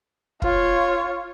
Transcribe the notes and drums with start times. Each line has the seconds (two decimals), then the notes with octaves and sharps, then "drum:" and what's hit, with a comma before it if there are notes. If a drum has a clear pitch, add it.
0.42 F4 C#5, drum: kick